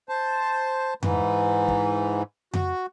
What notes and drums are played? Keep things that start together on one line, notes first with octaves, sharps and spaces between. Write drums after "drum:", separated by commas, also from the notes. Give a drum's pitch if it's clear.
C5 A5
G#2 E3, drum: tom F2
drum: kick
F#4, drum: tom F2